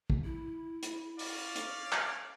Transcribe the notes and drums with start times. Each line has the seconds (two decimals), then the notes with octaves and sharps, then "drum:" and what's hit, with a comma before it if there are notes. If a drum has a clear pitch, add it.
0.10 drum: kick
0.24 E4
0.83 drum: hi-hat
1.19 C#4 D5 F5, drum: open hi-hat
1.56 drum: hi-hat
1.92 drum: clap